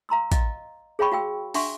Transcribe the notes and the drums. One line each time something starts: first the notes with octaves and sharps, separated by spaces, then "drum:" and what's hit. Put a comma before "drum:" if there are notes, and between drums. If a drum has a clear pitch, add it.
F5 A#5 C6 E6
D#5 F5, drum: kick A1, hi-hat
G#4 C#5 F5 G5 B5 C#6
F#4 F5 G5 E6
D4 E5 F#5 C6 C#6, drum: open hi-hat